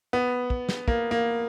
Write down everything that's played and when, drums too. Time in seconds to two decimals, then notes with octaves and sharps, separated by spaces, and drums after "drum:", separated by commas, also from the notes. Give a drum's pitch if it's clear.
0.13 B3
0.50 drum: kick
0.69 drum: snare
0.88 A#3, drum: kick
1.11 A#3